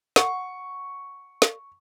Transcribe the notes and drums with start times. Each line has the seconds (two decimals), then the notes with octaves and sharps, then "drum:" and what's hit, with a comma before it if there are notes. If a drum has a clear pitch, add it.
0.16 F#5 C#6, drum: snare
1.42 drum: snare